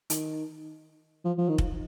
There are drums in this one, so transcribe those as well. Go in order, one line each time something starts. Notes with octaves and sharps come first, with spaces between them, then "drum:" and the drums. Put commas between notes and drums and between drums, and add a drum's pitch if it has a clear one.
D#3, drum: hi-hat
F3
F3
D#3
drum: kick